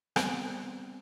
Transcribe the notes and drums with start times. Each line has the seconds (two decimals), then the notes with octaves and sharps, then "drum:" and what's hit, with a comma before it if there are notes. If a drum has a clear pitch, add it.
0.16 G3 B3 C4, drum: rim click